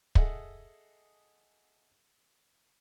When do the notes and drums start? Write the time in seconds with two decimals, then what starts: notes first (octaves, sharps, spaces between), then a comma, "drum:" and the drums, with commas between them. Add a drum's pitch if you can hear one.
0.15 G#4 A4 D#5 E5 F#5, drum: kick